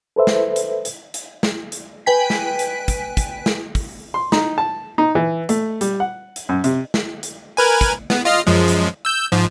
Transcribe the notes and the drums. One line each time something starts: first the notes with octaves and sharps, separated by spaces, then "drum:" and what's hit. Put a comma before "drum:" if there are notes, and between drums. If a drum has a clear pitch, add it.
A4 B4 C5 E5
drum: snare
drum: hi-hat
drum: hi-hat
drum: hi-hat
drum: snare
drum: hi-hat
B4 G5 G#5 B6
drum: snare
drum: hi-hat
drum: kick, hi-hat
drum: kick, hi-hat
drum: snare
drum: kick, open hi-hat
C6
D#4, drum: snare
A5
D#4
E3
A3, drum: hi-hat
G3, drum: hi-hat
F#5
drum: hi-hat
F#2
C3, drum: hi-hat
drum: snare
drum: hi-hat
A#4 B4 G#5
drum: kick, hi-hat
B3, drum: snare
F4 D#5 F6
F#2 F3 G#3
drum: hi-hat
E6 G6
G#2 F3